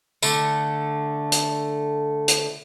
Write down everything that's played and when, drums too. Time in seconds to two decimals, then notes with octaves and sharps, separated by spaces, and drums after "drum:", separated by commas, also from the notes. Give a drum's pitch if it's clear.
0.23 D3 A3, drum: tambourine
1.32 drum: hi-hat
2.28 drum: hi-hat